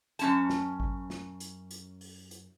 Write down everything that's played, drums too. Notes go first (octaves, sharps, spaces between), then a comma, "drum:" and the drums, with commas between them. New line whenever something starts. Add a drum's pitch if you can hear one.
F#2 C#4 A5, drum: hi-hat
drum: snare
drum: kick G#1
drum: snare
drum: hi-hat
drum: hi-hat
drum: open hi-hat
drum: hi-hat